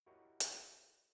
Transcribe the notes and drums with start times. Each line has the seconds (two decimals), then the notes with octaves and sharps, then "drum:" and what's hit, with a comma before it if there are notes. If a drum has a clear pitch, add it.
0.06 E4 F#4 G4 A#4 C#5 D#5
0.40 drum: hi-hat